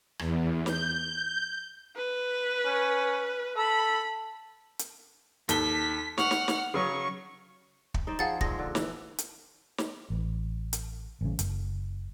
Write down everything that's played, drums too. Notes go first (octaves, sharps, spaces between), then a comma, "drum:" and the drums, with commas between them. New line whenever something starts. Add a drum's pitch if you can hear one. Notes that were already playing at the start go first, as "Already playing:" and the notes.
E2, drum: rim click
G6, drum: snare
B4
C#4
A4 B5
drum: hi-hat
D#2 A4 B6 G7, drum: hi-hat
F#5 C#6 F6, drum: snare
drum: snare
drum: snare
C#3 F#3 C#4 C#6
drum: kick
D#4 C5 D5
F3 G#4 F5 F#5 A6
A#2 G#3 G#4 A#6, drum: kick
D3
E3, drum: snare
drum: hi-hat
drum: snare
A1
drum: hi-hat
A1 C#3
F#1, drum: hi-hat